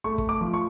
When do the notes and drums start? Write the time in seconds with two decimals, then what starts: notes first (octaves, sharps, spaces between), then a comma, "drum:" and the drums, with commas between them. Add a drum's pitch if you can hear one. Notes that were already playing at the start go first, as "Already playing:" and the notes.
0.04 A3 C#6
0.18 drum: kick
0.29 D6
0.41 F3
0.54 C#6